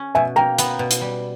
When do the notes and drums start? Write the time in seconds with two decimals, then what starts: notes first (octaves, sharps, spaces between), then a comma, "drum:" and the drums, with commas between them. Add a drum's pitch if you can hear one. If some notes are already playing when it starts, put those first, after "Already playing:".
Already playing: C#4
0.15 B2 E5 G#5
0.36 A#3 G5 A#5
0.59 B3, drum: hi-hat
0.79 B2
0.91 drum: hi-hat
1.01 G3